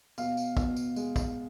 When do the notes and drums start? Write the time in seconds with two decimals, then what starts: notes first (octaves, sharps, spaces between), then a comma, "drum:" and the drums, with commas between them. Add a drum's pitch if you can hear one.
0.18 B2 F5, drum: tambourine
0.37 drum: tambourine
0.57 B2, drum: kick, tambourine
0.76 drum: tambourine
0.96 G#3, drum: tambourine
1.16 drum: kick, tambourine